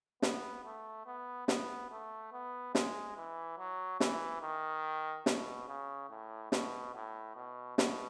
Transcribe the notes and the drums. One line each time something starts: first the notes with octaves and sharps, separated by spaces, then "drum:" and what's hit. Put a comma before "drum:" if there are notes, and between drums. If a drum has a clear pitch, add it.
B3, drum: snare
A3
B3
B3, drum: snare
A3
B3
G#3, drum: snare
E3
F#3
E3, drum: snare
D#3
B2, drum: snare
C#3
A2
B2, drum: snare
A2
B2
B2, drum: snare